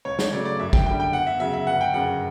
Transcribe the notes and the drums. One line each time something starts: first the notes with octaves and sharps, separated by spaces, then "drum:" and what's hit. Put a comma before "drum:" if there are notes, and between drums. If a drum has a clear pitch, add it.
C#2 C#5
C#5, drum: snare
C#3 F#3 A3 D5
D5
F#2 E5
G5, drum: kick
D3 G3 G5
G5
E2 F#5
E5
C#3 F#3 E5
E5
G1 F#5
G5
F#2 C#3 F#5